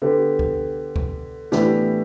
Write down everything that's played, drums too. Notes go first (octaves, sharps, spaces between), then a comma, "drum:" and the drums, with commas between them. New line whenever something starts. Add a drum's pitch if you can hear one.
D3 B3 G4
drum: kick C#2
drum: kick C#2
A2 E3 B3 D4 G4, drum: snare